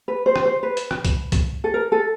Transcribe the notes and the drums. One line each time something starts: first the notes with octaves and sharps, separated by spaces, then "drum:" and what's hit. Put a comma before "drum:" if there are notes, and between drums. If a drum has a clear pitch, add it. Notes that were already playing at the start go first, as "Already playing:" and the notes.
B4
C5
drum: rim click
C5
B4
drum: hi-hat
drum: rim click
drum: kick C2, hi-hat
drum: kick C2, hi-hat
A4
A#4
A4